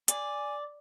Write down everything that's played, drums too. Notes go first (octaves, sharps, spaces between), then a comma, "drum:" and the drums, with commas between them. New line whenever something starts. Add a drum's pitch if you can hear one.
D5 G#5, drum: hi-hat